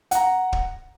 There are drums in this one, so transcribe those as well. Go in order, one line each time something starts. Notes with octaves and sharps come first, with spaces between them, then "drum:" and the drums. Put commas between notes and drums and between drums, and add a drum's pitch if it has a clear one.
F#5 A#5, drum: hi-hat
drum: kick